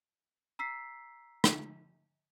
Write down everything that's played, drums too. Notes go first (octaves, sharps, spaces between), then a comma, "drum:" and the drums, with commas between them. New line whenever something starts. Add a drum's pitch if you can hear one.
A#5 E6 B6 C7
drum: rim click